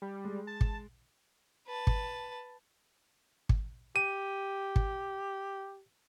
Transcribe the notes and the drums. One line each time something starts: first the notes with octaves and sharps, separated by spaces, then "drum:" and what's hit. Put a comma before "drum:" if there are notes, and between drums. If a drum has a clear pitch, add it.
G3
G#3
A5
drum: kick
B4 A5
drum: kick
drum: kick
G4 D#7
drum: kick